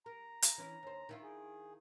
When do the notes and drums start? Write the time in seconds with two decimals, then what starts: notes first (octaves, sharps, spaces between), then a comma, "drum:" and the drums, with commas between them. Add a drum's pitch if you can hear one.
0.06 A#4 A#5
0.42 drum: hi-hat
0.58 E3 C#4 E4
0.83 D#2 C5
1.09 D#3 E4 F4
1.23 G#4